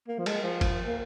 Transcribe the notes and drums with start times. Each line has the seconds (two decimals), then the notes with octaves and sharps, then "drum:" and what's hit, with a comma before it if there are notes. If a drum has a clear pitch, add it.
0.08 A#3
0.19 F3
0.26 G#3, drum: cymbal
0.43 F3
0.61 drum: kick G1, cymbal
0.87 A#3